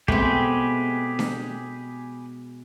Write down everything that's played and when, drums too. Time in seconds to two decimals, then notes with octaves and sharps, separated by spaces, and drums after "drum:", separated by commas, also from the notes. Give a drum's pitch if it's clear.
0.08 B2 G#3 A3 C4 G4 G#4 B4, drum: kick
1.19 drum: snare D4